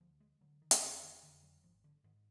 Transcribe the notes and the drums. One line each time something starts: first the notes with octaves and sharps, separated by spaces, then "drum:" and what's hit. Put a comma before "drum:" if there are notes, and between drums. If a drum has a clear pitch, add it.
D2 F3
G#3
D3 F#3
D#3
drum: hi-hat
F1 D3
D#3
F2 D3 D#3
F#3
G#1 F3
D3
G#2 D#3